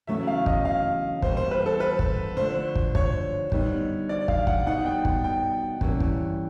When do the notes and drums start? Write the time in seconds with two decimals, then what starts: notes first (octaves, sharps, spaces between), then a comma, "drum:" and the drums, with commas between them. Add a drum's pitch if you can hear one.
0.07 E2 C#3 F#3 A3 C#4 E5
0.27 F5
0.46 D#5, drum: kick
0.65 F5
1.22 E2 B2 G3 A#3 C5, drum: kick
1.37 C5
1.51 B4
1.66 A4
1.80 B4
1.99 drum: kick
2.37 D3 F3 A3 C5
2.75 drum: kick
2.95 C#5, drum: kick
3.52 D3 G3 B3 D#4, drum: kick
4.09 D5
4.28 F5, drum: kick
4.47 F#5, drum: kick
4.66 B2 G3 B3 D#4 F#5
4.86 G5
5.05 drum: kick
5.24 G5
5.81 G2 E3 G3 A#3 C#4, drum: kick
6.00 drum: kick